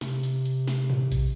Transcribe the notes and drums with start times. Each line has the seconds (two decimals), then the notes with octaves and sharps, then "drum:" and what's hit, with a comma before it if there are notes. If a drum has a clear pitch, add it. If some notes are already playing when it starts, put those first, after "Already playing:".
0.01 C3, drum: snare
0.23 drum: hi-hat
0.45 drum: hi-hat
0.67 drum: snare
0.90 drum: tom
1.12 drum: kick A#1, hi-hat